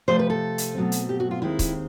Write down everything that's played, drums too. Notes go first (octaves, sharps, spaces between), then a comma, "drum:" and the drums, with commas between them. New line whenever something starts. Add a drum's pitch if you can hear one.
C3 F3 A3 C5
B4
A4
drum: hi-hat
B2 F#3 A3 C4
drum: hi-hat
G4
F#4
F4
D#2 D#3 G#3 C4 E4
drum: kick C#1, hi-hat